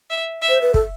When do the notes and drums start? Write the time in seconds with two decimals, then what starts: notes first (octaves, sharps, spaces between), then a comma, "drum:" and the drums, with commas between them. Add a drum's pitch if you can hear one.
0.10 E5
0.42 E5
0.49 C5
0.62 B4
0.74 A4, drum: kick